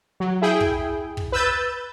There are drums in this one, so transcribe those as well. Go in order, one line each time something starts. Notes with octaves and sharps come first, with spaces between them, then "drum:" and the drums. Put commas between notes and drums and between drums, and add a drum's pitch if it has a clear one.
F#3
E4 G#4 G5
drum: kick
drum: kick
B4 E6 G6 A6